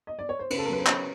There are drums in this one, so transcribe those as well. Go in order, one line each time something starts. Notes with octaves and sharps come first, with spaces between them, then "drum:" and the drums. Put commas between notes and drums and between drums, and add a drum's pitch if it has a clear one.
D#5
D5
C#5
C5
C#3 B4, drum: cymbal
A4
A#4
F#3 B4
C5
C#3 C#5, drum: clap